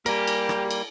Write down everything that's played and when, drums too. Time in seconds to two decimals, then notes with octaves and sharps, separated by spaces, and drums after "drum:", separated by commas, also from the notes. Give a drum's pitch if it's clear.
0.06 G3 A#3 G4 A#4 G#5, drum: cymbal
0.28 drum: cymbal
0.49 drum: rim click
0.71 drum: cymbal